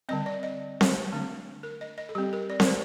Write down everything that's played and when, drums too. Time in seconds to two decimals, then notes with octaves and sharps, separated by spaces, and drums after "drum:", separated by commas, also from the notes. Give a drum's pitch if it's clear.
0.09 D3 G3 C4 D#5
0.26 D5
0.43 D#5
0.81 drum: snare C4
1.12 D3 A3 D4
1.63 A#4
1.81 D#5
1.98 D#5
2.09 A4
2.15 G3 C4 G4
2.33 A#4
2.50 D5
2.60 A#4, drum: snare C4
2.67 C5